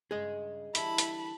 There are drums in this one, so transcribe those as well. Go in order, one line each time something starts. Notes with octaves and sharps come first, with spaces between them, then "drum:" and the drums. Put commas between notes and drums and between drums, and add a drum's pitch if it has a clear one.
G2 C#3 G#4 D#5
D3 E3 G3 E4 A5 B5, drum: hi-hat
drum: hi-hat